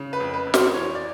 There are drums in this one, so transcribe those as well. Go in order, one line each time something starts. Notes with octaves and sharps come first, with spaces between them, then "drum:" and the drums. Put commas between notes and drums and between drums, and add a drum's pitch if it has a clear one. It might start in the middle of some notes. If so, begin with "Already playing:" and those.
Already playing: C#3
B4
F2
B4
F2
C5, drum: snare
E3 C#5
D5